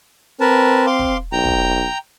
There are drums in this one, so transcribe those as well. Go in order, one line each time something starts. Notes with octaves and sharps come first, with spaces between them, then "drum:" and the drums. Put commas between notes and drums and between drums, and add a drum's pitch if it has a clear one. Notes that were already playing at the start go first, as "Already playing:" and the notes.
C4 A#4 B4 A5
F5 C6 D6
drum: kick
B1 G5 A#5
drum: kick